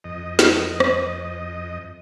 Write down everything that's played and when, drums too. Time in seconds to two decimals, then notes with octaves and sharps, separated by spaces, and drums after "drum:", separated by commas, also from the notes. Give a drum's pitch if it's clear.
0.04 F2 D#5
0.39 drum: snare
0.80 drum: rim click